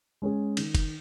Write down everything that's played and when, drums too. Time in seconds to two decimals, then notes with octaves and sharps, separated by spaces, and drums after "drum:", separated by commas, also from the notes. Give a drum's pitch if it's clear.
0.22 G#3 C#4 G#4
0.57 D#3, drum: cymbal
0.75 drum: kick F#1, cymbal